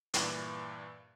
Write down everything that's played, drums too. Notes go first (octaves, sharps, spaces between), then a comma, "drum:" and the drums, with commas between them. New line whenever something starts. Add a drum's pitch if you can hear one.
G2 A#2 E3, drum: hi-hat